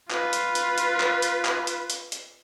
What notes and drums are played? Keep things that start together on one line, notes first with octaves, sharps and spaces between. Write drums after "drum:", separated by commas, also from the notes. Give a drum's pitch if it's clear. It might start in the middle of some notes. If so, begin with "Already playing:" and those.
F4 B4, drum: clap
drum: hi-hat
drum: hi-hat
drum: hi-hat
drum: clap
drum: hi-hat
drum: clap
drum: hi-hat
drum: hi-hat
drum: hi-hat